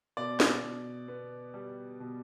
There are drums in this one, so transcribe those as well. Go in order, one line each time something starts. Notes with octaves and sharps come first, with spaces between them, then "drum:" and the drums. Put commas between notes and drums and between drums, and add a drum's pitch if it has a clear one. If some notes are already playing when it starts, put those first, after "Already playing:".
B2 D5
drum: snare
B2
B3
G3
B2